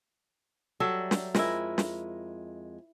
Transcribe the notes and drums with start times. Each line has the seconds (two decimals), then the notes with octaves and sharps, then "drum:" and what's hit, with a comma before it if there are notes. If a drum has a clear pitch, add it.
0.80 F#3 G3 A4 E5
1.11 drum: snare
1.35 F2 G#3 E4 A#4, drum: snare
1.78 drum: snare